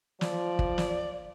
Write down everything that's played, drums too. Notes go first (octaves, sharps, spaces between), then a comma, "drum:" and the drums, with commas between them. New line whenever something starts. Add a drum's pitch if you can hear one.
F3 D5, drum: snare
drum: kick
drum: snare